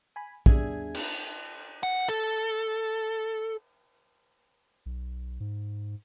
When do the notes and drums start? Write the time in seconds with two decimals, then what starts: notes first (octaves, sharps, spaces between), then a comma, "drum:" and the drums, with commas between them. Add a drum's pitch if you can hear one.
0.16 G#5 B5
0.46 D#2 G3 B3 D4 G#4 E5 G#5 G#6, drum: kick
0.94 drum: cymbal
1.83 F#5
2.09 A4
4.86 B1
5.40 G#2